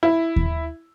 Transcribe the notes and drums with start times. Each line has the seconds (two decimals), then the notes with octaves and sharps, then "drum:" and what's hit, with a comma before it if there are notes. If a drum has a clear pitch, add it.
0.03 E4
0.36 drum: kick D#2